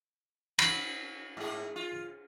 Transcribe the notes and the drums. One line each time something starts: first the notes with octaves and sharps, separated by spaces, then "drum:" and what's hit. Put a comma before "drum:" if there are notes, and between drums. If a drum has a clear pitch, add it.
B5, drum: cymbal
G#2 G#4
F4